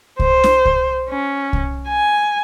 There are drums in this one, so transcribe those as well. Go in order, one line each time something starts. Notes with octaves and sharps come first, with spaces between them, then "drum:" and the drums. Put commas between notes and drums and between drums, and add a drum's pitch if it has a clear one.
C5, drum: kick C2
drum: snare
drum: kick C2
C#4
drum: kick C2
G#5